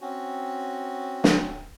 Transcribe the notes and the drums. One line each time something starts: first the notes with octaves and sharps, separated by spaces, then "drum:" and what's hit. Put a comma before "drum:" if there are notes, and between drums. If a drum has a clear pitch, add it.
C4 C#4 F#4
drum: snare